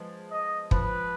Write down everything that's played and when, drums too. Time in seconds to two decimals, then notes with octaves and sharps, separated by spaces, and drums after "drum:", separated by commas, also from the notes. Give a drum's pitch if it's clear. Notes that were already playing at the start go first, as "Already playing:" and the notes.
Already playing: F3 G#3 B3
0.31 D#5
0.71 F3 B4, drum: kick